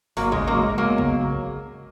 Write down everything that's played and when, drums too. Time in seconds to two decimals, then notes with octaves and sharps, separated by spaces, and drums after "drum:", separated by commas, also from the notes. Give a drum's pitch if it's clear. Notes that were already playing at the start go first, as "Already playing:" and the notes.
0.17 G#1 F#3 A#3, drum: open hi-hat
0.32 C#3 G#3, drum: kick
0.47 F#3 A#3
0.57 G#3
0.78 F#3 A#3 B3
0.98 C#3, drum: kick